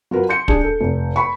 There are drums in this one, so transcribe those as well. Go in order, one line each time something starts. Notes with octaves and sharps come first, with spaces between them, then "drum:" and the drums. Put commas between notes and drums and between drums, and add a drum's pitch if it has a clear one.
F#3 F4 A#4 B4
C6 G6 C#7
D4 G#4, drum: kick
A4
F1
B5 C#6